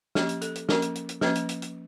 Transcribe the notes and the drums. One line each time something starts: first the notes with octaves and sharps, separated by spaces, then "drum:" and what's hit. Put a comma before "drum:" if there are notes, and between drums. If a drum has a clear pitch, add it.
F3 A#3 C#4 G4, drum: snare
drum: hi-hat
A4, drum: hi-hat
drum: hi-hat
F3 A#3 C#4 A#4, drum: snare
drum: hi-hat
drum: hi-hat
drum: hi-hat
F3 A#3 C#4 B4, drum: snare
drum: hi-hat
drum: hi-hat
drum: hi-hat